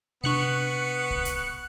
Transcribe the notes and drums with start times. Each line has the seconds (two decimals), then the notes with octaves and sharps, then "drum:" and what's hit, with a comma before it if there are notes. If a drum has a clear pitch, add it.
0.24 C3 B3 D4 C#6 F#6 C#7
1.10 drum: kick C2
1.25 drum: hi-hat